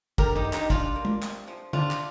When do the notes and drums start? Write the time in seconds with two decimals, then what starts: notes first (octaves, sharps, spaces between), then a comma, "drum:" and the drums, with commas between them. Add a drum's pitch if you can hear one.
0.18 D3 G4 A#4, drum: kick, tambourine
0.36 D#4 G4, drum: tom F#2
0.44 D3
0.53 D#4 G4, drum: clap
0.70 G3 D4 F4, drum: kick, tambourine
0.96 A#3
1.05 drum: tom
1.23 C3, drum: clap
1.48 F3
1.73 C3 D4 F4, drum: tom D3
1.91 drum: clap